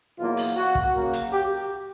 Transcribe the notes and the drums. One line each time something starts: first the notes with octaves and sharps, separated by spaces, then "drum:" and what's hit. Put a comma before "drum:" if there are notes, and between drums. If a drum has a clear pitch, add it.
E2 B2 F#3 A#3 F4
drum: open hi-hat
F#4
drum: kick
C#3 F#3 A#3
drum: hi-hat
G4